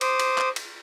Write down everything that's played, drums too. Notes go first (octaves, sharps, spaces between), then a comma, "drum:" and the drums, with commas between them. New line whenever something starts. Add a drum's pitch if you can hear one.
C5 D6 D#6, drum: cymbal
drum: cymbal
drum: clap
drum: cymbal